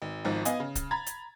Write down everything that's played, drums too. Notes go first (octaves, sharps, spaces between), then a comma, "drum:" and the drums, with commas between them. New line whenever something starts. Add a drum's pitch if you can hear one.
G#1
G#1 G#2 F3
B3 D#5 F5 G#5, drum: hi-hat
C#3
drum: kick C#1, hi-hat
A#5 B5 G#6 A6
drum: hi-hat